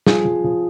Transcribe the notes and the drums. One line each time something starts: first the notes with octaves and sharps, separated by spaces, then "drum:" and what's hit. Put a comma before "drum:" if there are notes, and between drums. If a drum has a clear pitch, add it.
F3 G#4, drum: snare
F3
F3